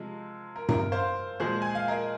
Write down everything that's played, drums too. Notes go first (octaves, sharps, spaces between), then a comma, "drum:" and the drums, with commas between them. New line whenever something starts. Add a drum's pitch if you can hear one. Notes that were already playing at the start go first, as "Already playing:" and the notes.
Already playing: C3 F3 G#3
A#4
A#4, drum: tom G2
A#4
C5 F5
A#2 F3 G#3 G#4 C5
G#5
F5
A#4 D#5